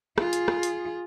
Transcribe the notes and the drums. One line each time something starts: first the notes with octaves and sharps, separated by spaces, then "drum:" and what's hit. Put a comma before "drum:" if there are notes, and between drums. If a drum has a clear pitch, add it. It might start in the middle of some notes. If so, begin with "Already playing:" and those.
F4 G#4, drum: rim click
drum: hi-hat
drum: rim click
drum: hi-hat